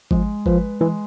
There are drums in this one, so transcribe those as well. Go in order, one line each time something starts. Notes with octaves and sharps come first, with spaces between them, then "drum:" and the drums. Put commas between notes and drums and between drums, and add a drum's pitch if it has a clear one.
F3 G#3, drum: kick G#1
F3 B4, drum: kick G#1
E3 G#3